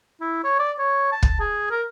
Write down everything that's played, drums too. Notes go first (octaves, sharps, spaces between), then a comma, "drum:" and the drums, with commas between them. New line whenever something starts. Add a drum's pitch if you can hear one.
E4
C#5
D5
C#5
A5
drum: kick
G#4
A#4